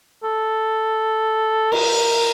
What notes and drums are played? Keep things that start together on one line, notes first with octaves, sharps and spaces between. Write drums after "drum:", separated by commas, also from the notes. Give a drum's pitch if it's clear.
A4
A#4, drum: cymbal